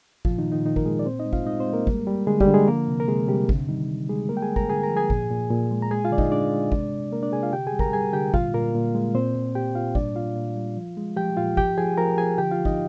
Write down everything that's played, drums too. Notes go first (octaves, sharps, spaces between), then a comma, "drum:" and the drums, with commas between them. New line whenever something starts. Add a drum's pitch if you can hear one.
A#2 F3 F4, drum: kick
D#3 D#4
A#2
D#3 D#4
A#2 D#3 D#4
A#4, drum: kick
A#2 G#3 G#4
D5
A#2 C4 C5
D#4 D#5
G#3
F4 F5, drum: kick
G#3 D#4 D#5
C4 C5
G#3
A#3 A#4
G3, drum: kick
G3
D3 G#3 G#4
G3 G4, drum: kick
D3
G#3 G#4
F3 A#3 A#4
C3
A#4
C3 G#3 G#4
C3 G3 G4
D3, drum: kick
D#3 G3 D#4
D3
G3 G#3 G#4
G#3 A#3 A#4
G5
G#4 G#5
D3
A#4 A#5, drum: kick
D3 G#4 G#5
A#4 A#5
F3
G#4 G#5
A#2, drum: kick
A#2
A#2
G#3
A#5
G#3 G#4 G#5
F4 F5
D3 D5
D#4 D#5, drum: kick
G#3 D4 D5
G#3
C3, drum: kick
C3
C3 A#3 A#4
D4 D5
C3 G#4 G#5
F4 F5
D3 G4 G5
G#4 G#5
G3
A#4 A#5, drum: kick
G3 G#4 G#5
D3 G4 G5
A#2 F4 F5, drum: kick
A#2 A#3 A#4
A#2
G#3
A#2 C4 C5
A#2
A#2 G4 G5
A#2 F4 F5
G3 D4 D5, drum: kick
A#2 F4 F5
A#2
G3
F3
G#3
F3 G4 G5
A#2 F4 F5
F3 G4 G5, drum: kick
F3 G#4 G#5
F3 A#4 A#5
F3 G#4 G#5
D3 G4 G5
F4 F5
F3
D#4 D#5, drum: kick